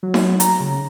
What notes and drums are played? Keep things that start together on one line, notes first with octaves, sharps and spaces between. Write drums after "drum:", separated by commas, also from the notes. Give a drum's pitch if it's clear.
F#3
drum: snare D#4
A#5, drum: hi-hat
C#3